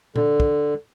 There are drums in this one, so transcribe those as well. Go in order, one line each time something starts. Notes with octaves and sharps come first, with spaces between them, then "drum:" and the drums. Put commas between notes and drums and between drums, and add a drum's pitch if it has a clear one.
D3, drum: tom A#2
drum: kick